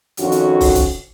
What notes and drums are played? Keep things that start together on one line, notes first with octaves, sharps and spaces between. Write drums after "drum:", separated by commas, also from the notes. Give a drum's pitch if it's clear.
F2 D#3 C#4 F4 F#4, drum: hi-hat
drum: hi-hat
drum: kick, open hi-hat
drum: kick, hi-hat